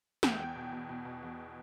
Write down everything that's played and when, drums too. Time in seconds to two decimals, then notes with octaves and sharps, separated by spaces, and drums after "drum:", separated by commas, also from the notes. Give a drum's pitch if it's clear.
0.23 E2 G5, drum: snare
0.39 E2
0.56 B2
0.72 B2
0.89 B2
1.05 B2
1.23 E2